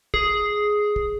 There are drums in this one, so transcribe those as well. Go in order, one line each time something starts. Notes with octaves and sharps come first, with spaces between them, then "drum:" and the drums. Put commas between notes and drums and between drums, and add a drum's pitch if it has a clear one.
G#4, drum: kick
drum: kick